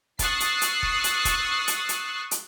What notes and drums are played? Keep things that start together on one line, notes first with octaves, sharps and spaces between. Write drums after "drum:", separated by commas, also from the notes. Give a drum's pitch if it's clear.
C#6 D#6 E6 F#6 A6 C7, drum: kick, hi-hat
drum: hi-hat
drum: hi-hat
drum: kick
drum: hi-hat
drum: kick, hi-hat
drum: hi-hat
drum: hi-hat
drum: hi-hat